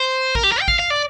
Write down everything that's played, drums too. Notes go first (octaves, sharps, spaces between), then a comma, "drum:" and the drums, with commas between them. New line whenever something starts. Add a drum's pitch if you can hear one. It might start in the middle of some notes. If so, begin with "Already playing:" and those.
Already playing: C5
A#4, drum: kick
G4
A#4
G5
F5, drum: kick
F5
D5